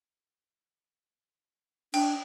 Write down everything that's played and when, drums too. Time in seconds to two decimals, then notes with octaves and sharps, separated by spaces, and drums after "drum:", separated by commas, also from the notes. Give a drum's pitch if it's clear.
1.94 D4 G5, drum: cymbal